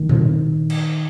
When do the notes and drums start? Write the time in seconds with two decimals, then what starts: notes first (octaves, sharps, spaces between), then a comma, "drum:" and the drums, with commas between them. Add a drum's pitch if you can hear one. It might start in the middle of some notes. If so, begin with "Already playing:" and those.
Already playing: D#3
0.09 drum: tom A#2
0.70 drum: cymbal